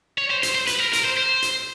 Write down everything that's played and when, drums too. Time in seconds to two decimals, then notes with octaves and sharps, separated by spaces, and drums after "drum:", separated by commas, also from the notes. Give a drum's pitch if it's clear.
0.18 C#5
0.30 C5
0.43 C5, drum: hi-hat
0.55 C5
0.67 B4, drum: hi-hat
0.80 A#4
0.93 A#4, drum: hi-hat
1.05 C5
1.17 C5
1.42 drum: hi-hat